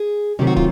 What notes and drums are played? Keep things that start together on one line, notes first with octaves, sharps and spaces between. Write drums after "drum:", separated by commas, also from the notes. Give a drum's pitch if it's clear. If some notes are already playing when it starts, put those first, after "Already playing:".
Already playing: G#4
C3 D#3 F#3 A3 G4
F#4
F4, drum: kick